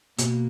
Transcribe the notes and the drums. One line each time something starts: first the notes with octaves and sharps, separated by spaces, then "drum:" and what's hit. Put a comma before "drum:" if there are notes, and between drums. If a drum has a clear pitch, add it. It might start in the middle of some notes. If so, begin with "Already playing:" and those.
B2 A#3, drum: hi-hat